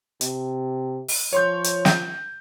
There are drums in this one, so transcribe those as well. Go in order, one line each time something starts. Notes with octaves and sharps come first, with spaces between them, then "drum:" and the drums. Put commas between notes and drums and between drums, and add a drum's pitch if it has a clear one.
C3, drum: hi-hat
drum: open hi-hat
F3 C#5 C6 G6
drum: hi-hat
G6, drum: snare